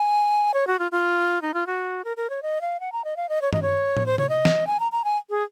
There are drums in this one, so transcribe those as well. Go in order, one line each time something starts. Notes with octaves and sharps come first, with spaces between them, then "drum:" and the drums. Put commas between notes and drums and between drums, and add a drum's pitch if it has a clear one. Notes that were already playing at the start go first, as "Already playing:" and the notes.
Already playing: G#5
C#5
F#4
F4
F4
D#4
F4
F#4
A#4
A#4
C#5
D#5
F5
F#5
A#5
D#5
F5
D#5
C#5
D#5, drum: tom G2
C#5
drum: tom
C5
C#5, drum: tom C3
D#5
drum: snare
G#5
A#5
A#5
G#5
G#4